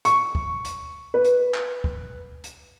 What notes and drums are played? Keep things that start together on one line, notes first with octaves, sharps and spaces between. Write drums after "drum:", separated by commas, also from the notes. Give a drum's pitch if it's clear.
C#6, drum: hi-hat
drum: kick
drum: hi-hat
B4
drum: hi-hat
drum: clap
drum: kick
drum: hi-hat